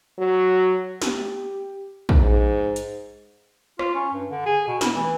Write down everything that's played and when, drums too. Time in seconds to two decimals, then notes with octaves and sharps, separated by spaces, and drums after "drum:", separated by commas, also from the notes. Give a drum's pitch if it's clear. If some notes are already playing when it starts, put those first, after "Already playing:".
0.18 F#3
1.02 G4, drum: snare
2.09 drum: kick
2.19 G#2
2.76 drum: hi-hat
3.79 F4, drum: rim click
3.94 C#4
4.13 G2
4.30 D3
4.46 G#4
4.67 B2
4.81 E4, drum: snare
4.95 E3